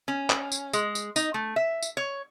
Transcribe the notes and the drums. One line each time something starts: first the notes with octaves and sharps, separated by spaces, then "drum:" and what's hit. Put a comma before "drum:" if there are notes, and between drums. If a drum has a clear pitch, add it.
C#4
drum: clap
drum: tambourine
G#3, drum: tambourine
drum: tambourine
D#4, drum: tambourine
A3
E5
drum: tambourine
C#5